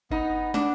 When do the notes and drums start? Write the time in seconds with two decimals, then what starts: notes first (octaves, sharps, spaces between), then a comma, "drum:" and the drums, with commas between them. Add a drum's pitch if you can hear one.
0.11 B3 D#4, drum: kick G1
0.54 B3 D4, drum: snare